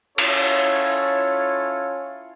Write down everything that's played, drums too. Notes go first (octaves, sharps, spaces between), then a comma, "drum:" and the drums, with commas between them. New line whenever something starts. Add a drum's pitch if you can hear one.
C#4 E4 F4 A4 C#5, drum: cymbal